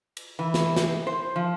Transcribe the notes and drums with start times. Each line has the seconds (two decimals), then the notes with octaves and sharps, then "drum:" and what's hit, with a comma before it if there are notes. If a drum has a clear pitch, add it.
0.17 drum: cymbal
0.39 E3
0.54 drum: snare
0.77 drum: snare
1.07 C5
1.36 F3